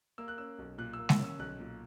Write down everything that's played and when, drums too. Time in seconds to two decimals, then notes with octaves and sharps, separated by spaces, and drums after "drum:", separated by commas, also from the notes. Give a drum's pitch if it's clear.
0.18 A#3 E6
0.28 F#6
0.38 C#4 E6
0.58 B1
0.78 A#2 F#6
0.94 E6
0.99 A#3
1.09 E6, drum: snare G#3
1.20 C#4 E6
1.39 B1 F#6
1.60 A#2